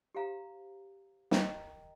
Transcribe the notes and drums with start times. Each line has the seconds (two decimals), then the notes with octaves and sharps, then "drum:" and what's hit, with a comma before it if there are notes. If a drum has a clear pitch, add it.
0.15 G4 C5 F5 A#5
1.31 A#4 D#5 G5 A#5, drum: snare